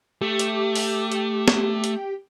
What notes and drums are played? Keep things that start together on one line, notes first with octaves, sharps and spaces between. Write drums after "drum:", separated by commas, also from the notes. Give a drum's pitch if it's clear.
A3 G4
drum: hi-hat
drum: open hi-hat
drum: hi-hat
drum: snare
drum: hi-hat